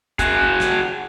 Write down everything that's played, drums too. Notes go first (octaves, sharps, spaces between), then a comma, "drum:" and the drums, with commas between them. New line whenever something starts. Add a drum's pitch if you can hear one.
F#4 G#4, drum: kick, hi-hat
drum: snare